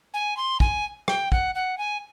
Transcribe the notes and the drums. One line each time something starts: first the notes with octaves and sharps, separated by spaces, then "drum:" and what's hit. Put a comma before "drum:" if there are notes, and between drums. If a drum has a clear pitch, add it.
G#5
C6
G#5, drum: kick
G5, drum: rim click
F#5, drum: kick
F#5
G#5